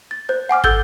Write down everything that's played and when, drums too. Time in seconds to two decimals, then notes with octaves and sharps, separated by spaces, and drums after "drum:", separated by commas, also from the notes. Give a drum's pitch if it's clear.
0.11 A6
0.29 C5 G6
0.49 F#5 G#5 D6 F6
0.64 A4 E6 G6 A6 G7, drum: kick